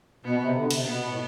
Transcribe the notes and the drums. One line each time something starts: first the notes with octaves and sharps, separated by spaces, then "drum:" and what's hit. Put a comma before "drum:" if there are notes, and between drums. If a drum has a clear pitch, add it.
B2 B3
C3
B2 D3
C3, drum: cymbal
B2 B3
A2